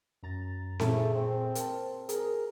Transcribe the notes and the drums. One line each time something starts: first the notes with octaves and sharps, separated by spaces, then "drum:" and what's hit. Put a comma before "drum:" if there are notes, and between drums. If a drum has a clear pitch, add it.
F#2 A#5 A6
A#2 A3 G#4, drum: snare C4
C4
A#4 A5, drum: hi-hat
G#4 A#4, drum: hi-hat